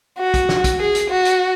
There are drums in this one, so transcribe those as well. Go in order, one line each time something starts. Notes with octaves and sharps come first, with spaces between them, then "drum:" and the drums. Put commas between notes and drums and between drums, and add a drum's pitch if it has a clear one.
F#4
drum: kick, hi-hat
drum: snare
drum: kick, hi-hat
G#4
drum: hi-hat
F#4
drum: hi-hat